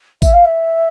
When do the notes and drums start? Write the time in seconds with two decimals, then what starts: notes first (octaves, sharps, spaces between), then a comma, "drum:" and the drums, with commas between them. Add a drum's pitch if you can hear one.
0.22 E5, drum: kick, tambourine
0.33 F5
0.45 E5